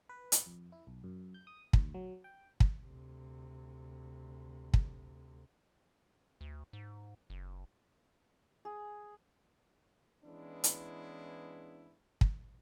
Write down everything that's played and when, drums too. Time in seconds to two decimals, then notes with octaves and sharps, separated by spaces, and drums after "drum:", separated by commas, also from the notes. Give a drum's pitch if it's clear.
0.09 B4
0.32 drum: hi-hat
0.46 F2
0.72 E4
0.87 B1
1.04 F#2
1.34 G6
1.47 D#6
1.73 D2, drum: kick
1.94 F#3
2.24 G5
2.60 drum: kick
2.83 D2 C3
4.74 drum: kick
6.41 D2
6.73 G#2
7.30 F#1
8.65 G#4
10.24 E3 G#3 B3 C#4 D4 E4
10.64 drum: hi-hat
12.21 drum: kick